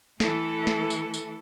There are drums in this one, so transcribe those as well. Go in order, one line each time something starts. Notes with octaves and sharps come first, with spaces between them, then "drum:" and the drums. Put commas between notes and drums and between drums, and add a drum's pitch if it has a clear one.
E3 A3 A4, drum: snare
drum: snare
drum: tambourine
drum: tambourine